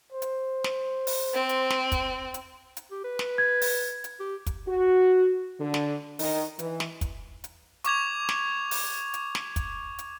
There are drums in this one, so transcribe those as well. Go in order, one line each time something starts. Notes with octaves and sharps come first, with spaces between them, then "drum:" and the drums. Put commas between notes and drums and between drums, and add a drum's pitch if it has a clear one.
C5
drum: hi-hat
drum: snare
drum: open hi-hat
C4
drum: hi-hat
drum: snare
drum: kick, hi-hat
drum: hi-hat
drum: hi-hat
G4
B4
drum: snare
G#6
drum: open hi-hat
drum: hi-hat
G4
drum: kick, hi-hat
F#4
D3
drum: snare
D#3, drum: open hi-hat
E3, drum: hi-hat
drum: snare
drum: kick, hi-hat
drum: hi-hat
C#6 D6 G#6 F7, drum: hi-hat
drum: snare
drum: open hi-hat
drum: hi-hat
drum: snare
drum: kick, hi-hat
drum: hi-hat